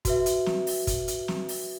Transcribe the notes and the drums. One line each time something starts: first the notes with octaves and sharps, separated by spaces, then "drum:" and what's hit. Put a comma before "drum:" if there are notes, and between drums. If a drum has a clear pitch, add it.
F#4 B4 E5, drum: kick, hi-hat
drum: hi-hat
drum: snare
drum: open hi-hat
drum: kick, hi-hat
drum: hi-hat
drum: snare
drum: open hi-hat